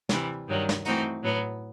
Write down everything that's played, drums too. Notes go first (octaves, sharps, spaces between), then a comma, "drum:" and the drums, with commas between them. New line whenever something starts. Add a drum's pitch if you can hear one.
C3 E3 G3, drum: snare
G2 D#3 F#3
drum: snare
E3 A3 C4 D#4 F#4, drum: hi-hat
A2 F#3 B3